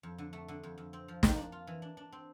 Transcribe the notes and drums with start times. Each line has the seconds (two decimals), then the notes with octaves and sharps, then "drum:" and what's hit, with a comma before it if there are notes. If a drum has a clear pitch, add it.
0.03 F2
0.18 D3
0.33 A3
0.48 D3
0.63 F2
0.78 F2
0.93 C4
1.08 F3
1.23 A#3, drum: snare
1.37 D4
1.52 F4
1.67 E3
1.82 D4
1.97 D4
2.12 C4